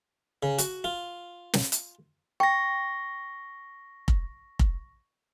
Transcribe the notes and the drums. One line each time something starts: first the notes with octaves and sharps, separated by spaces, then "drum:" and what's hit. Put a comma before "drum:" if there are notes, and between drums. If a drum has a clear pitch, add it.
C#3
F#4, drum: hi-hat
F4
drum: snare
drum: hi-hat
G5 C#6 A#6
drum: kick F1
drum: kick F1